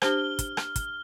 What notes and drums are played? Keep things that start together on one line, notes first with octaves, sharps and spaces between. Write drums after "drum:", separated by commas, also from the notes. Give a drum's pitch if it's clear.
D4 G4 C5 F6 G7, drum: rim click
drum: kick, hi-hat
drum: rim click
drum: kick, hi-hat